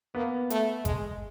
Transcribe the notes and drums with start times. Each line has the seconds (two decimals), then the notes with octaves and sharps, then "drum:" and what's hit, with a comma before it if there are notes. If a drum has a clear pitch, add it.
0.15 A#3 B3
0.50 A3, drum: hi-hat
0.85 G#3, drum: kick G#1, hi-hat